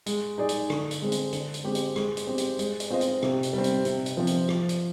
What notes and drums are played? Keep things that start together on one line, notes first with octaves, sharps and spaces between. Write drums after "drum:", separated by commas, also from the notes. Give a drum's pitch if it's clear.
G#3, drum: hi-hat
D#4 G#4 D5
drum: hi-hat
D3, drum: rim click
drum: hi-hat
G#3 C4
drum: hi-hat
D3, drum: hi-hat
drum: hi-hat
G#3 C4 G4
drum: hi-hat
G#3, drum: rim click
drum: hi-hat
C4 G4
drum: hi-hat
G#3, drum: hi-hat
drum: hi-hat
C4 F4 C5 D#5
drum: hi-hat
C3, drum: rim click
drum: hi-hat
G3 C4
drum: hi-hat
C3, drum: hi-hat
drum: hi-hat
F3 C4
drum: hi-hat
F3, drum: rim click
drum: hi-hat